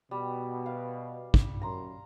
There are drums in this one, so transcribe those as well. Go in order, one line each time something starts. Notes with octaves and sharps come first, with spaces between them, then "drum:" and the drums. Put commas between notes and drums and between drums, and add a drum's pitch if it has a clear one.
B2 G3
F5
drum: kick
F#2 A#5 C6